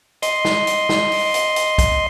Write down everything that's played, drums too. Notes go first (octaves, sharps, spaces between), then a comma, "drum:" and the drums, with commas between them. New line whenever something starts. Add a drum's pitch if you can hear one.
D#5 C6, drum: hi-hat
drum: snare
drum: hi-hat
drum: snare
drum: open hi-hat
drum: hi-hat
drum: hi-hat
drum: kick, hi-hat